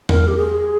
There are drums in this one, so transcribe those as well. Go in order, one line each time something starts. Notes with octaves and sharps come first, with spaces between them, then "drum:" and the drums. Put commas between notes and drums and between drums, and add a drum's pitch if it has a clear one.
A#4, drum: tom E2
G4
G#4